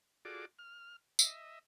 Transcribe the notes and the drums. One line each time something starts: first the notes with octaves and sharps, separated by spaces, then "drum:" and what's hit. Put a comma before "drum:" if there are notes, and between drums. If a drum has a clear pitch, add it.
F4 F#4 G#4 A4 D5 D6
F6
D#5 E5, drum: tambourine